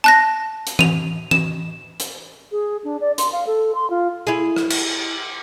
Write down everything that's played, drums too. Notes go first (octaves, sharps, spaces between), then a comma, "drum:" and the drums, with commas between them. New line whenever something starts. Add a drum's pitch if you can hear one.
A5 F#6 A#6
drum: hi-hat
D#7 F7, drum: tom E3
E7, drum: tom E3
drum: hi-hat
G#4
D4
D5
C6, drum: hi-hat
F5
A4
C6
F4
E4 G#4
drum: rim click
drum: cymbal